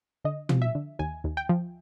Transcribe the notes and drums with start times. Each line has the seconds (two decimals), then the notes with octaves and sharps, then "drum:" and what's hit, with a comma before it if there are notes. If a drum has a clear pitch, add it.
0.24 D3 D#5
0.49 F3, drum: tom
0.62 E5
0.75 D3
0.99 D#2 G#5
1.24 D#2
1.37 G5
1.49 F3